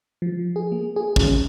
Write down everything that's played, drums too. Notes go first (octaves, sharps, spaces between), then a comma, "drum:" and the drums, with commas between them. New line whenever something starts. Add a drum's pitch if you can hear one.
F3
G#4
A#3
G#4
C#4, drum: kick